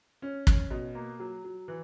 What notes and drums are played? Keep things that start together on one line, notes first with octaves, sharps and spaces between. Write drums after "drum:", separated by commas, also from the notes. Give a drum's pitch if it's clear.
C#4
C#4, drum: kick
B2
A#3
F#3
F#3
E3